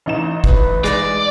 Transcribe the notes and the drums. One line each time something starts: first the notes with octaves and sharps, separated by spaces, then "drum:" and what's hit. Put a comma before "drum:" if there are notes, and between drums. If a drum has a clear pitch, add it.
A1 D#4 E7
B4, drum: kick
G#3 D5, drum: rim click